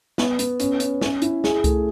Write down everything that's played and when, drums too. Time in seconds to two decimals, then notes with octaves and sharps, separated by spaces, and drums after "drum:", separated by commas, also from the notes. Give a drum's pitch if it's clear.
0.18 B3, drum: snare
0.39 B3, drum: hi-hat
0.60 C#4, drum: hi-hat
0.80 C#4, drum: hi-hat
1.01 C#4, drum: snare
1.22 E4, drum: hi-hat
1.44 G#4, drum: snare
1.64 A3, drum: kick C2, hi-hat